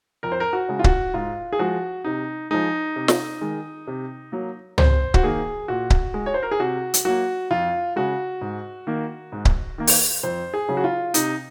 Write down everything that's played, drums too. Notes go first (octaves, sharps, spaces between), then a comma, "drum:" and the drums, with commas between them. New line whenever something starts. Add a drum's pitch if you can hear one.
F2 A#4
C5
A#4
F#4
C#3 G#3
F4
F#4, drum: kick C#1
G#2 F4
G#4
F3 G#3 F#4
C3 D#4
F3 G#3 D#4
C3
drum: snare
D#3 G#3
C3
F#3 A#3
C3 C5, drum: tom C#2
F#4, drum: kick C#1
D#3 A#3 G#4
A#2 F#4
drum: kick C#1
G#3
C#5
C5
A#4
G#4
C3 F#4
drum: hi-hat
F#3 A#3 F#4
F2 F4
C#3 G#3 F#4
G#2
D#3 A#3
G#2
drum: kick C#1
D#3 A#3
drum: open hi-hat
F2 C5
G#4
C#3 F#3
F#4
F4
C3 D#4, drum: hi-hat